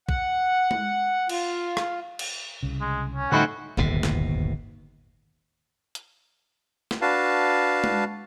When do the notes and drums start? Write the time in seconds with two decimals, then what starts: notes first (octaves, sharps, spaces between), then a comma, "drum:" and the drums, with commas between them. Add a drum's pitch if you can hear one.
0.09 F#5, drum: kick A#1
0.71 drum: tom G#3
1.29 F4, drum: cymbal
1.77 drum: rim click
2.19 drum: cymbal
2.63 C2 C#3
2.81 G#3
3.15 C#4
3.32 A2 D3 G3 C4 D#4 F#4 F#5 B5
3.77 D1 G1 D#2 B2, drum: kick A#1
4.03 drum: snare
5.95 drum: hi-hat
6.91 drum: snare
7.01 D4 F#4 B4 F5 A5
7.84 drum: tom G#3